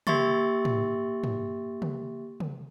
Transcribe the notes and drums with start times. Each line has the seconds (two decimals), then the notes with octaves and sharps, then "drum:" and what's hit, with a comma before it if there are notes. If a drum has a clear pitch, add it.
0.07 A#3 G4 E5 C6 C#6 A6, drum: tom
0.65 drum: tom
1.24 drum: tom
1.82 drum: tom
2.40 drum: tom